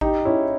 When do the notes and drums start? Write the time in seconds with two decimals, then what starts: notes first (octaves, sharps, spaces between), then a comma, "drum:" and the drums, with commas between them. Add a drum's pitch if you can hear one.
0.01 D#4 G4, drum: kick A1
0.25 C#4 E4